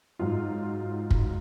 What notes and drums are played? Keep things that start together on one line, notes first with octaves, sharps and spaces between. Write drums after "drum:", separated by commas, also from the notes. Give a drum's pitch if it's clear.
G#2 F#3 F4
drum: kick